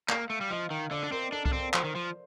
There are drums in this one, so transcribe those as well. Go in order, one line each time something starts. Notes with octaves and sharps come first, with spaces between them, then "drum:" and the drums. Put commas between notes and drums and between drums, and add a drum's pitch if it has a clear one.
A#3 F5, drum: clap
A3
G3
F3 D#5
D#3
D3 D5
D4
C4 A#4
D4 A4
D4, drum: kick C2
C4 A4
F3 C5, drum: clap
D#3
F3